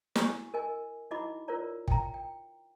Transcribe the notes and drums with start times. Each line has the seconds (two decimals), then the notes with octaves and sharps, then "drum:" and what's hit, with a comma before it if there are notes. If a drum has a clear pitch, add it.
0.16 E4 F#4 G#5 C#6, drum: snare
0.54 A#4 D#5 G#5
1.11 D#4 E4 F#4 D#5 B5 D6
1.48 F4 A#4 B4 C#5 D5 A#5
1.88 G5 A#5, drum: kick
2.14 G5